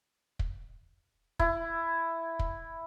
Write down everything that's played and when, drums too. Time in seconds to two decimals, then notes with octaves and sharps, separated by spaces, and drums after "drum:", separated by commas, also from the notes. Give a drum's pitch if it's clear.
0.39 drum: kick
1.39 E4, drum: kick
2.39 drum: kick